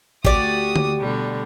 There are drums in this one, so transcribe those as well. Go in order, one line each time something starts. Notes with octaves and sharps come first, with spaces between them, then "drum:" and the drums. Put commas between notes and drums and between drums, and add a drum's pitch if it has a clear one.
D2 F#4 G4 D5 D#6, drum: kick
drum: tom D3
B2 D3 G3